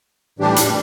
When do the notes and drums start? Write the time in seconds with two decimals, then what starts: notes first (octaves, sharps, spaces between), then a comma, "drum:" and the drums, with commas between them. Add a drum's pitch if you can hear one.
0.39 A2 E3 G3 D4 G4
0.56 drum: hi-hat